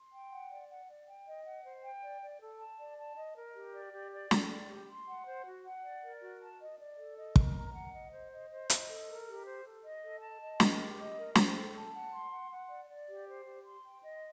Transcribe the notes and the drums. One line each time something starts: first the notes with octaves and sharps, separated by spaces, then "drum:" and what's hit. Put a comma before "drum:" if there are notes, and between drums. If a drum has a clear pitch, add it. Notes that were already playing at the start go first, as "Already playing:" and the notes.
Already playing: C6
G5
F#5
D5
F#5
D5
G5
D#5
F#5
C5
G5
D5
D5
A4
A5
D5
A5
D#5
A#4
G4
D5
G4
D5
A4, drum: snare
D5
G4
C6
F#5
C5
F#4
F#5
D5
A#4
F#4
A5
D#5
D5
A4
D#5
A#4, drum: kick
A#5
F#5
D#5
C5
D#5
C5
D#5, drum: hi-hat
A4
A#4
G4
C5
A4
D#5
A4
A5
D#5
A#4, drum: snare
G4
D#5
A#4
C5, drum: snare
A4
A5
F#5
C6
F#5
F#5
D5
D5
G4
C5
G4
C6
G5
D#5